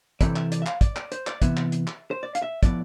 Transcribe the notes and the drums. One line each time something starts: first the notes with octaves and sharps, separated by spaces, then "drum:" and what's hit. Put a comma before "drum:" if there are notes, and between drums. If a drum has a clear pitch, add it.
C3 E3 A3 C4 D5, drum: kick, hi-hat
E5, drum: clap
D5, drum: hi-hat
E5
F5, drum: clap
D5, drum: kick, hi-hat
D5, drum: clap
C5, drum: hi-hat
D5, drum: clap
C3 E3 B3 E5, drum: kick, hi-hat
drum: clap
drum: hi-hat
drum: clap
C5
D5
F5, drum: hi-hat
E5
A2 F3 B3 D5, drum: kick, hi-hat